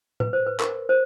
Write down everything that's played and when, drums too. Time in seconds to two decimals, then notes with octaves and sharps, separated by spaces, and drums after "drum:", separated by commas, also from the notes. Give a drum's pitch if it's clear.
0.20 B4, drum: tom A2
0.33 C5
0.46 B4
0.60 A#4, drum: clap
0.89 C5